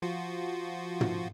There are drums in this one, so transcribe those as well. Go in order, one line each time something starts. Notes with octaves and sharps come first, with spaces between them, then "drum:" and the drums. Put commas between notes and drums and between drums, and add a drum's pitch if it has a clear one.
F3 F4 F#4
drum: tom